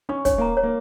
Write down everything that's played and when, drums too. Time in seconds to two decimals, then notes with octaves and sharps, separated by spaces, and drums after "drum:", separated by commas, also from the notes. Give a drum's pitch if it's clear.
0.09 C#4 C#6
0.25 C#4 C#5, drum: kick, hi-hat
0.38 A#3 A#5
0.57 C#5
0.63 A#3